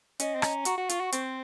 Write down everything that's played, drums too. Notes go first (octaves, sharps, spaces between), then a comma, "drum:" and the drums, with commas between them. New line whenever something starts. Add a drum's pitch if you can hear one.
C#4 D#5, drum: hi-hat
C4
C#4 A#5, drum: rim click
F#4 C#6, drum: hi-hat
F#4
F4 C#6, drum: hi-hat
F#4
C4 C5, drum: hi-hat